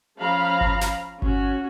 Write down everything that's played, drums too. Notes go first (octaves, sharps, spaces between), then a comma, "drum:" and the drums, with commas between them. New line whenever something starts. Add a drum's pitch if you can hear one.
F3 C#4 F5 A#5 B5
drum: kick G1
drum: snare
C#4 F#4, drum: kick G1